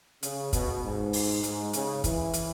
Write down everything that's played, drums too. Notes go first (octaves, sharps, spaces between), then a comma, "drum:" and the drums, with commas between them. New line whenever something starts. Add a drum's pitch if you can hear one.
C#3, drum: hi-hat
B2, drum: kick, hi-hat
G#2
drum: open hi-hat
G#2, drum: hi-hat
C#3, drum: hi-hat
E3, drum: kick, hi-hat
drum: hi-hat